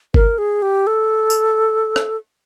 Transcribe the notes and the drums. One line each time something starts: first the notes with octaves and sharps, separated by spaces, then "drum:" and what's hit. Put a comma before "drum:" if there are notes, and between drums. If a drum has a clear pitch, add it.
A#4, drum: kick G1
G#4
G4
A4
drum: tambourine
drum: rim click